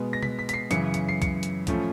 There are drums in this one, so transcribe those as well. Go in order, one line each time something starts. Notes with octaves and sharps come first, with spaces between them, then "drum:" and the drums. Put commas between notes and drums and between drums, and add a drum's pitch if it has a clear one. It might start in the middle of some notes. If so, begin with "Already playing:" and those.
Already playing: B2 G#3 B3
A#6
B6, drum: tom B2
B6
B6, drum: hi-hat
C7
F#2 C#3 E3 C#7, drum: hi-hat
C#7, drum: hi-hat
C7
C#7, drum: kick, hi-hat
drum: hi-hat
A2 F3 A3 C#4, drum: kick, hi-hat